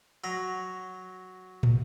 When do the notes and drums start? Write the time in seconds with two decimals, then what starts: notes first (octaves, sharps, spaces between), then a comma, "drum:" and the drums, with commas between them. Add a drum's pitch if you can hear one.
0.24 F#3 A#5
1.63 drum: tom